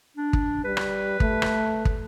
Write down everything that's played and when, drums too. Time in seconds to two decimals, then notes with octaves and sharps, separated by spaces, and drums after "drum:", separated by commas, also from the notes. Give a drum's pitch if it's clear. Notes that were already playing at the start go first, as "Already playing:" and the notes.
0.17 D4
0.33 drum: kick
0.64 G3 B4
0.77 drum: rim click
1.20 A3, drum: kick
1.42 drum: rim click
1.85 drum: kick